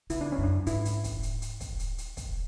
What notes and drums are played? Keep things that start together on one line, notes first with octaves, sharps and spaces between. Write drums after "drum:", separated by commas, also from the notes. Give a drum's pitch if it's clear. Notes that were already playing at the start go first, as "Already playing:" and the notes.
C#3 E4, drum: hi-hat
D4
C#4
F#2
D4
G#2 E4, drum: hi-hat
drum: hi-hat
drum: kick, hi-hat
drum: hi-hat
drum: hi-hat
drum: kick, hi-hat
drum: hi-hat
drum: hi-hat
drum: kick, hi-hat